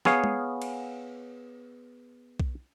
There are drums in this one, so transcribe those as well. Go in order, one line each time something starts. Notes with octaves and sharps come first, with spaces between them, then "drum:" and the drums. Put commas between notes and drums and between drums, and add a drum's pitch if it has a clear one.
B3 G#4 C#5 F5, drum: snare
drum: tom G#3
drum: cymbal
drum: kick B1